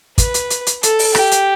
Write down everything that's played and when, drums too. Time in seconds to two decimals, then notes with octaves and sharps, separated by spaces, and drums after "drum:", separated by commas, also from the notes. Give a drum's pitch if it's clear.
0.18 B4, drum: kick, hi-hat
0.34 drum: hi-hat
0.50 drum: hi-hat
0.67 drum: hi-hat
0.83 A4, drum: hi-hat
0.99 drum: open hi-hat
1.15 G4, drum: rim click
1.31 drum: hi-hat